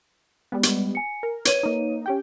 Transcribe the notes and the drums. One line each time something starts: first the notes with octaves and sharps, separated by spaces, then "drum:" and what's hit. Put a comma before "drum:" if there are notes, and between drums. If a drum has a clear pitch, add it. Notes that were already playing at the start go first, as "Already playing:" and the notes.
G3 G#3 B3
drum: hi-hat
G#5 C#7
A#4
B4 C#5 G#6 D#7, drum: hi-hat
A#3 D#4
C#4 G4 G5